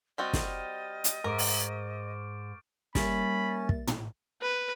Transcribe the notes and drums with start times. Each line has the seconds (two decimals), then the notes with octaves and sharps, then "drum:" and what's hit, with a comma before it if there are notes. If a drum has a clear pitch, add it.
0.18 G3 C4 F#4 D#5 F6 G6 A6
0.33 drum: snare
1.04 drum: hi-hat
1.24 G#2 A#4 C#6 D6 D7
1.38 drum: open hi-hat
2.95 G3 A#3 C#4 A#4 E5 B5 A6, drum: snare
3.69 drum: kick
3.87 drum: tom
4.42 B4